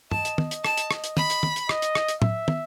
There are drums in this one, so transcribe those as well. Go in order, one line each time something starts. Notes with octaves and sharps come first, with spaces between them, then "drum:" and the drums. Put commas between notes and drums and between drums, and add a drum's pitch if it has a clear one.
D#5 A5, drum: tom
drum: hi-hat
drum: tom
drum: hi-hat
A5, drum: rim click
drum: hi-hat
drum: rim click
drum: hi-hat
B5, drum: tom
drum: hi-hat
drum: tom
drum: hi-hat
D#5, drum: rim click
drum: hi-hat
drum: rim click
drum: hi-hat
E5, drum: tom
drum: tom